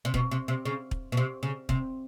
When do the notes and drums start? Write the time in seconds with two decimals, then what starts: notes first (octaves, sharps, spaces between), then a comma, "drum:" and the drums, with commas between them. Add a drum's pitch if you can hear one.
0.05 C3
0.14 B2, drum: kick
0.31 C3
0.48 C3
0.66 C#3
0.91 drum: kick
1.12 B2
1.17 C3
1.43 C#3
1.69 C3, drum: kick